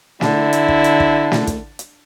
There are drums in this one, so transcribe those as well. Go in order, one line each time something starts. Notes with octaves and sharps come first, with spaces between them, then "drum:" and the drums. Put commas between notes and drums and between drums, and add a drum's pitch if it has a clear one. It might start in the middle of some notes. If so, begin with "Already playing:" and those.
D3 E4, drum: snare
drum: hi-hat
drum: kick
drum: hi-hat
drum: kick
drum: snare
drum: kick, hi-hat
drum: hi-hat